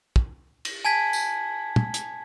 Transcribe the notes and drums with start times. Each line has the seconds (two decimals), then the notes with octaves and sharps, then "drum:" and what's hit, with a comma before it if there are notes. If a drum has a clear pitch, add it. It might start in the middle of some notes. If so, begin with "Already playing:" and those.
0.16 drum: kick
0.65 drum: cymbal
0.85 G#5 A5 G#6 B6
1.13 drum: tambourine
1.76 drum: tom
1.94 drum: hi-hat